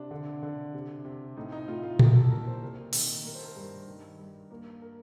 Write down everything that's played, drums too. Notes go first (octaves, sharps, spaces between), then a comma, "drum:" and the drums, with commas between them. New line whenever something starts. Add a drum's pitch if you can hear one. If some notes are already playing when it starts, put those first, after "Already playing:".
Already playing: C3 D4
D3
D3
C3
C3
A2 D#4
D#4
A2 F4
F4
A3 G4, drum: tom A#2
A4
A#2 A#4
C5
C3 A#4
D#3, drum: open hi-hat
A3 A#4
C5
A#4
G2
D#3
G2
A#3
A#4